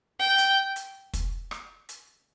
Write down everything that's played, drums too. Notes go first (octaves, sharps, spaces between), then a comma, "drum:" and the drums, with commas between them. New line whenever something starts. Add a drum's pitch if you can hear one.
G5
drum: hi-hat
drum: hi-hat
drum: kick, hi-hat
drum: rim click
drum: hi-hat